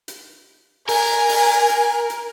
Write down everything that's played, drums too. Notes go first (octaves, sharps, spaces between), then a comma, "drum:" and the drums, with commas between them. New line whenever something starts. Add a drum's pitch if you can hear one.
drum: hi-hat
A#4 G#5, drum: open hi-hat
drum: open hi-hat
drum: hi-hat
drum: hi-hat